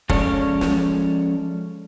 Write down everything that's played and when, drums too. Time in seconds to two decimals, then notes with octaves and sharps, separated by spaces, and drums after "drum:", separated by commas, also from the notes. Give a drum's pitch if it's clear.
0.09 F3 G#3 C#4 A4 C#5 D5, drum: kick
0.61 drum: snare